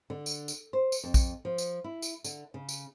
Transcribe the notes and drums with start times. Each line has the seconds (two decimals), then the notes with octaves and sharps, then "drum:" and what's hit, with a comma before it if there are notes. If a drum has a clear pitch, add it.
0.10 D3
0.26 drum: tambourine
0.48 drum: tambourine
0.73 C5
0.92 drum: tambourine
1.04 F2
1.14 drum: kick, tambourine
1.45 F3
1.58 drum: tambourine
1.84 E4
2.02 drum: tambourine
2.24 D3, drum: tambourine
2.54 C#3
2.69 drum: tambourine